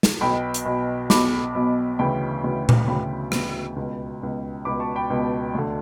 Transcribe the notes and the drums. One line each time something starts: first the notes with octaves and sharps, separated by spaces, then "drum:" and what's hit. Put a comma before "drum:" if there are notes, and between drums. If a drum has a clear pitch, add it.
drum: snare
B1 B2 G5 B5
drum: hi-hat
B1 B2
B1 B2 B5 D6, drum: snare
B1 B2
D2 C#3 E3 G5 B5
D2 C#3 E3
drum: tom A#2
D2 C#3 E3 G5 B5
D2 C#3 E3, drum: rim click
C#2 B2
C#2 B2
C#2 B2 B5 D6
A5 C#6
G5 B5
C#2 B2
D2 D3